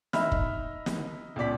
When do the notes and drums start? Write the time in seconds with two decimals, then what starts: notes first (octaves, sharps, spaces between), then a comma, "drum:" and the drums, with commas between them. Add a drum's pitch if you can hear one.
0.13 D#4 E5 B5 F6, drum: snare
0.32 drum: kick
0.86 drum: snare
1.36 C#2 B2 D5 B6